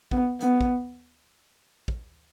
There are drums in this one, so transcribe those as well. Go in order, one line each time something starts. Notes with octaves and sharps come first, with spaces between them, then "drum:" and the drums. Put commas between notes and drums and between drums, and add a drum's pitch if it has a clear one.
B3, drum: kick
B3, drum: hi-hat
drum: kick
drum: kick